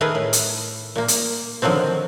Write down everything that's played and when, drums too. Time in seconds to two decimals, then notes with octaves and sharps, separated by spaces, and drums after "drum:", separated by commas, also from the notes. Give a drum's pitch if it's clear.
0.01 D#3 A3 G#4 A#4 B4
0.15 A2
0.33 drum: hi-hat
0.96 A#2 A#3
1.08 drum: hi-hat
1.62 D3 D#3 F3 F#3 C4